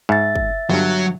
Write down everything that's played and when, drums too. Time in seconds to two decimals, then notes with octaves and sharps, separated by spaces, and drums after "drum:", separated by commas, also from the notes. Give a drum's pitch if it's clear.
0.09 G#2 E5 A6
0.35 drum: kick
0.69 G1 G2 F#3